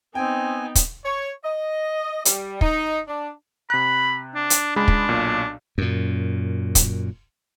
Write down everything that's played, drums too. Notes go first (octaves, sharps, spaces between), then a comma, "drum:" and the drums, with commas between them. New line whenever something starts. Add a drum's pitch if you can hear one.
B3 C4 D#4 G5 G#5
drum: kick, hi-hat
C#5
D#5
G3, drum: hi-hat
D#4, drum: kick
D4
C3 B5 F#6
D4
drum: hi-hat
C#2 G#3 D4 B5
drum: kick
B1 A#2
F#2 A#2
drum: kick, hi-hat